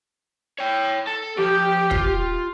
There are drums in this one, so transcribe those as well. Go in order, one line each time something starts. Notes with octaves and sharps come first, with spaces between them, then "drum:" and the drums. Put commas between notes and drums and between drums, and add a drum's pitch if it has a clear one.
C#5 G5
A4 A5
F3 G4
F4, drum: kick